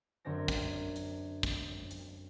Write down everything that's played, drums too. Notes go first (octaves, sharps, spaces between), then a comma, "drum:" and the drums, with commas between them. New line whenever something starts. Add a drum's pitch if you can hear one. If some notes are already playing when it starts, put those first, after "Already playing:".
F#2 D3 C4 A#6
drum: kick, hi-hat
drum: hi-hat
drum: kick, hi-hat
drum: hi-hat